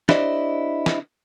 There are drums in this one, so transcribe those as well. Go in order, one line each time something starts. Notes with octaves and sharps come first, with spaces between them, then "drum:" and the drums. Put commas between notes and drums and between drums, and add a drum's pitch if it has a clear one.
D4 E4 G4 C5 D5 D#5, drum: snare
drum: snare